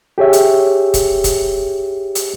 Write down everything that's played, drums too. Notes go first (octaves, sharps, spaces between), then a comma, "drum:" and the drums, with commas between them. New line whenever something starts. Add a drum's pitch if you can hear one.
G4 G#4 C#5 E5
drum: hi-hat
drum: kick, hi-hat
drum: kick, hi-hat
drum: hi-hat